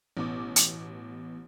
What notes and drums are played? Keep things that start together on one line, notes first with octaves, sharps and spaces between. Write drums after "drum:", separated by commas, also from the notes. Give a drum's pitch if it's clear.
A1 B2 D6
drum: hi-hat